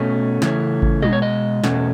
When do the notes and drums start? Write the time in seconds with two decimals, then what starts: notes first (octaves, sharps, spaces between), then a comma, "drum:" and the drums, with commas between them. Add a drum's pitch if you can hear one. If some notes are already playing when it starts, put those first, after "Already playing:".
Already playing: B2 A3 C#4
0.42 C#3 E3 A3 C#4, drum: snare
0.82 drum: kick G#1
1.02 B2 G#3 D#5, drum: tom
1.13 C#5
1.22 D#5
1.64 E2 B2 A3 C#4, drum: snare